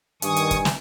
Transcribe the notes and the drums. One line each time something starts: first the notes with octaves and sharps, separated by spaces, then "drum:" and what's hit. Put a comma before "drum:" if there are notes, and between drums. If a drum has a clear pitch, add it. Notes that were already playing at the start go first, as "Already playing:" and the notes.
G2 D#3 G#5 C#6 D#6, drum: hi-hat
drum: hi-hat
drum: kick, hi-hat
drum: snare